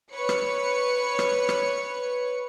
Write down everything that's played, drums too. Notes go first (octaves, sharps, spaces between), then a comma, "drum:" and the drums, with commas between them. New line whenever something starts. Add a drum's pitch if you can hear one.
B4 C#5 C#7
drum: rim click
drum: rim click
drum: rim click